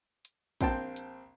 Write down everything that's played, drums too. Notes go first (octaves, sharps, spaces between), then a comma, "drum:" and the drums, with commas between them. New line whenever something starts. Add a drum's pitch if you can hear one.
drum: hi-hat
A#1 C4 G5 A5, drum: kick, hi-hat
drum: hi-hat